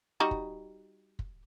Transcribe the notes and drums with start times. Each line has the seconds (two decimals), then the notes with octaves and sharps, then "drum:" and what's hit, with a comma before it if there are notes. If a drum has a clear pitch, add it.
0.20 G3 D#4 F#4
0.31 drum: kick
1.19 drum: kick